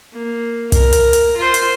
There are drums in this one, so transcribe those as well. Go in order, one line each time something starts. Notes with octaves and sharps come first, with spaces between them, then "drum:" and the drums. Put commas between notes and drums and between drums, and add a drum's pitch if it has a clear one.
A#3
A#4, drum: kick, hi-hat
drum: hi-hat
drum: hi-hat
F4 C5
drum: hi-hat